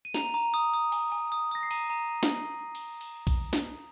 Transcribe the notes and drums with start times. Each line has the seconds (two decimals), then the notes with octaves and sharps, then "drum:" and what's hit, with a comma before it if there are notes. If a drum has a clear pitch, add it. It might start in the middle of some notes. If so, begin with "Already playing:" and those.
0.05 D#7
0.14 A#5 F7, drum: snare
0.34 A#5
0.54 D#6
0.74 D#6
0.92 G#5, drum: cymbal
1.12 G#5
1.32 D#6
1.51 D#6 A#6
1.63 C7
1.71 A#5 D#7, drum: cymbal
1.90 A#5 D#7
2.23 drum: snare
2.75 drum: cymbal
3.01 drum: cymbal
3.27 drum: kick A#1, cymbal
3.53 drum: snare